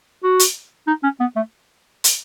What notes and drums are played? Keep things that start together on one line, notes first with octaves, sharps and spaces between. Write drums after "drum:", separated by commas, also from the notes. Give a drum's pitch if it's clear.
F#4
drum: hi-hat
D#4
C#4
B3
A3
drum: hi-hat